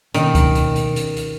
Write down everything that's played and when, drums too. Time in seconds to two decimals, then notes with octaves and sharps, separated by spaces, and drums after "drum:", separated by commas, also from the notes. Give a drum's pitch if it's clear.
0.14 B2 D#3 A#3 C#4, drum: hi-hat
0.35 drum: kick C#2, hi-hat
0.55 drum: hi-hat
0.76 drum: hi-hat
0.96 drum: hi-hat
1.17 drum: hi-hat